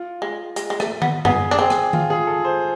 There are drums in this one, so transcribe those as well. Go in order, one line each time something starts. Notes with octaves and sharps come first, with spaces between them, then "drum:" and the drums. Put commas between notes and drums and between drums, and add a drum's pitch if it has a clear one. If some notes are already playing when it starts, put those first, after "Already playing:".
Already playing: F4
G#3
G#3, drum: hi-hat
G#3
A3, drum: rim click
B3, drum: tom D#3
B3 G#4, drum: tom F#2
D4
C4 G#4
drum: rim click
F4, drum: tom D#3
G#4
A4
C5